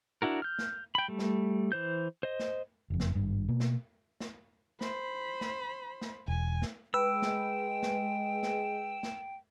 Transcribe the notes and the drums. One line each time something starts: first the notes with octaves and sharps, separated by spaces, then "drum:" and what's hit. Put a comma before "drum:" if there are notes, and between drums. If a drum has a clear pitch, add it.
D4 E4 F#4 A#4
F6 G6
drum: snare
G5 B5
G3 A3
drum: snare
E3 C5 G6
C5 D#5
drum: snare
F#1 F2
drum: snare
G#1 G2
B2 A#3
drum: snare
drum: snare
C5 B5, drum: snare
drum: snare
drum: snare
E1 G#5
drum: snare
G#3 B4 G5 E6
drum: snare
drum: snare
drum: snare
drum: snare